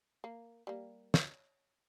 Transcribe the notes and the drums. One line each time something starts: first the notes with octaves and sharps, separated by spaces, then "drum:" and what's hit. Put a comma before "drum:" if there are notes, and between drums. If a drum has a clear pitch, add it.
A#3
G3 A#3
C#5, drum: snare